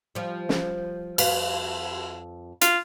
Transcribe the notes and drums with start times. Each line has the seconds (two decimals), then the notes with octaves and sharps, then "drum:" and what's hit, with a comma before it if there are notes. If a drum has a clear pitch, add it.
0.15 F3 G3
0.49 drum: snare
1.18 F2 B4 F5, drum: cymbal
2.61 F4, drum: hi-hat